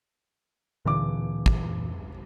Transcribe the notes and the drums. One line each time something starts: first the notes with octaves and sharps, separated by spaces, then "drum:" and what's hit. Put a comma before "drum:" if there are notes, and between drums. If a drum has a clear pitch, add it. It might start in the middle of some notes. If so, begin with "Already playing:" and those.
D1 A#2 E3 D6
drum: kick